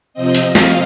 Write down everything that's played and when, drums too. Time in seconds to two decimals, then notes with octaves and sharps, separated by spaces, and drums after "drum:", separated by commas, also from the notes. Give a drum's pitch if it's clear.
0.14 C3 F3 C4 D#5
0.34 drum: hi-hat
0.55 F5, drum: snare